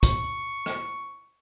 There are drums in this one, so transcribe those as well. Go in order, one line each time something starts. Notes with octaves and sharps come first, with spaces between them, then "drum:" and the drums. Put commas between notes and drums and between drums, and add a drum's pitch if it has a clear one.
C#6, drum: kick, hi-hat
drum: rim click